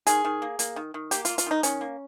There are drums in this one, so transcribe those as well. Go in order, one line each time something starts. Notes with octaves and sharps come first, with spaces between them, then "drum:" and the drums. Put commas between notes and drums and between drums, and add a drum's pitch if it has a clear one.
D#3 G#4, drum: hi-hat
D#3
A#3
A#3, drum: hi-hat
D#3
D#3
A#3 G4, drum: hi-hat
A#3 F4, drum: hi-hat
F4, drum: hi-hat
D#3 D#4
D#3 C#4, drum: hi-hat
A#3